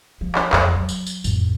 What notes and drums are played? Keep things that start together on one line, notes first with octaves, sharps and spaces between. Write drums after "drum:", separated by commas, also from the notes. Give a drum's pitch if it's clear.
F3
drum: clap
F2, drum: clap
F#3
drum: tambourine
drum: tambourine
A1 F2, drum: tambourine